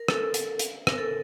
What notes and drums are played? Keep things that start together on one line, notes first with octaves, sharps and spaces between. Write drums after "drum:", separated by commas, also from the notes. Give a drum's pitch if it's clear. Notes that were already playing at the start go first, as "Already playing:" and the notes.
Already playing: A#4
A4, drum: rim click
drum: hi-hat
drum: hi-hat
A#4, drum: rim click
A4